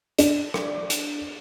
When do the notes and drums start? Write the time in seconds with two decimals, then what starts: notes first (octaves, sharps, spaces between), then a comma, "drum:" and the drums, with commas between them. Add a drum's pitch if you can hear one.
0.18 D4, drum: hi-hat
0.54 drum: rim click
0.90 drum: hi-hat